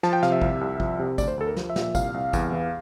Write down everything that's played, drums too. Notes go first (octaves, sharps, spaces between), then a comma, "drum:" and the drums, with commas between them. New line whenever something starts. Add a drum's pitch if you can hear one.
F3 A5, drum: snare
G5
C3 F5, drum: snare
E5
C2, drum: kick G#1
C2
F3, drum: kick G#1
C3
D2 D5, drum: kick G#1, tambourine
C5
D2 A4
A#4
F3, drum: snare
E5
A#2, drum: snare
E5
C2 F5, drum: kick G#1, tambourine
C2
E2, drum: kick G#1, tambourine
E3